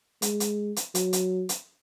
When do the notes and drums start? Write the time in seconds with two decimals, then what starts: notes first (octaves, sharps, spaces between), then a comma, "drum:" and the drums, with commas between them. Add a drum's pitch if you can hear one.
0.22 G#3, drum: hi-hat
0.40 drum: hi-hat
0.76 drum: hi-hat
0.95 F#3, drum: hi-hat
1.13 drum: hi-hat
1.49 drum: hi-hat